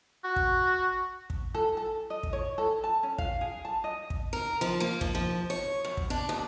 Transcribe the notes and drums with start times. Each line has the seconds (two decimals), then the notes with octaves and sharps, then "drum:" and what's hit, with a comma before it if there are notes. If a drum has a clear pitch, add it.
0.24 F#4
0.36 drum: kick
1.30 drum: kick
1.54 A4
1.77 A4
2.10 D#5
2.23 drum: kick
2.33 C#5
2.58 A4
2.84 A5
3.03 C#4
3.18 F5, drum: kick
3.41 G#4
3.65 A5
3.84 D#5
4.10 drum: kick
4.33 A#4
4.61 F3
4.80 A#3
5.01 F3, drum: kick
5.15 F3
5.50 C#5
5.85 F#2
5.97 drum: kick
6.10 D4
6.29 D#2